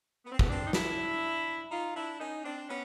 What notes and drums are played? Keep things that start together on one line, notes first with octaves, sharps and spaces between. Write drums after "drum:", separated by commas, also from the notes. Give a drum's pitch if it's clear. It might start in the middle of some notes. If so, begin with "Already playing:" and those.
B3
C4
A3 B3, drum: kick
C4 D4
D#4
D4 E4, drum: snare
D#4 F4
D4 E4
C#4 D#4
C4 D4
D4
B3 C#4